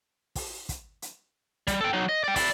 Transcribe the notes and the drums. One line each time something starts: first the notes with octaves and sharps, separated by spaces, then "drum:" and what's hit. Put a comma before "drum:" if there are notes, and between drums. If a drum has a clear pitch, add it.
drum: kick, open hi-hat
drum: kick, hi-hat
drum: hi-hat
G3, drum: kick, hi-hat
A4 G5
F#3 D#4
D#5
D5 G5
E4 D5, drum: kick, open hi-hat